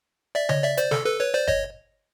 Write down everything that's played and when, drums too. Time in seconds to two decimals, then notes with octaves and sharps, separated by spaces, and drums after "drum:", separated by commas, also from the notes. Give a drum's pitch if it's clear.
0.35 D5 E5
0.49 C#5 D#5, drum: tom C#3
0.63 D5 E5
0.78 C5 D5, drum: hi-hat
0.91 A4, drum: snare
1.06 A4 B4
1.20 B4 C#5
1.34 C5 D5
1.48 C#5 D#5, drum: kick G1